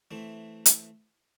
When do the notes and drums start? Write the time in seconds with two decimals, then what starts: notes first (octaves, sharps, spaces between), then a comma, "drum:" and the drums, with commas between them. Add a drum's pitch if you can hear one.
0.11 E3 A3 C4
0.66 drum: hi-hat